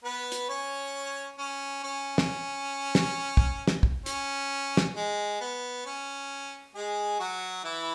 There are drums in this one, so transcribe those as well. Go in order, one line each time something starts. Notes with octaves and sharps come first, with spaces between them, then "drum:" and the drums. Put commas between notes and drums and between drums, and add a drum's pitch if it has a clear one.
B3 B4
drum: hi-hat
C#4 C#5
C#4
C#4
drum: snare
drum: snare
drum: kick
drum: snare
drum: kick
C#4, drum: hi-hat
drum: snare
G#3
B3
C#4
G#3 G#4
F#3 F#4
E3 E4